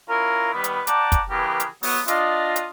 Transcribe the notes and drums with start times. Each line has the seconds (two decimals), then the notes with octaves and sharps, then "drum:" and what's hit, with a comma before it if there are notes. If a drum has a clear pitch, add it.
0.09 C#4 E4 F4 A#4
0.54 D#3 G3 B3 B4
0.64 drum: hi-hat
0.87 D5 F#5 G5 A5 A#5 D6, drum: hi-hat
1.12 drum: kick, hi-hat
1.30 C#3 E3 B3 G4 G#4 A#4
1.60 drum: hi-hat
1.83 F#3 B3, drum: open hi-hat
2.08 D4 F4 D#5, drum: hi-hat
2.56 drum: hi-hat